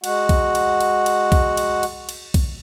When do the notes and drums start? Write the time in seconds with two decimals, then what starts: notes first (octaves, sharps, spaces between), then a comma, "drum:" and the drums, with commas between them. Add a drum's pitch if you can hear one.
0.04 G#3 F#4 F#5, drum: cymbal
0.29 drum: kick B1, cymbal
0.55 drum: cymbal
0.81 drum: cymbal
1.06 drum: cymbal
1.32 drum: kick B1, cymbal
1.57 drum: cymbal
1.83 drum: cymbal
2.09 drum: cymbal
2.34 drum: kick B1, cymbal